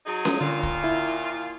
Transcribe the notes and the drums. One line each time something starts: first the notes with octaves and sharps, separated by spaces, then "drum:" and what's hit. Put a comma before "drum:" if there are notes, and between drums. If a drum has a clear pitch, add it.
F#3 D#4 G#4
drum: snare C#4
D#2 A#2 D3 F4
drum: kick
E4